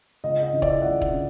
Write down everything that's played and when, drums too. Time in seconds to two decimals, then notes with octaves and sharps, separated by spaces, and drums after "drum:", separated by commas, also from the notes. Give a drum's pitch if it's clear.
0.23 C#2 D#5
0.43 D#5
0.52 C#3 E3
0.62 D5 E5, drum: kick E1
0.82 C#2 E5 F#5
1.01 drum: kick E1
1.11 C#3 E3